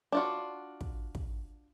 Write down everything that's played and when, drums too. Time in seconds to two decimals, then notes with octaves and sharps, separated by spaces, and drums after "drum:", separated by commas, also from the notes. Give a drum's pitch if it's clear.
0.12 D4 F4 F#4
0.81 drum: kick
1.15 drum: kick